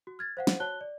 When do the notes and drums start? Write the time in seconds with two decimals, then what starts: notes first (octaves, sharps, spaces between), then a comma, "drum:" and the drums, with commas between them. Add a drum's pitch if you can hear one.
0.07 F#4
0.19 F6 G#6 A6
0.37 C5 F5 F#5
0.47 drum: snare
0.60 F#4 C#5 A5 F#6 G7
0.81 D5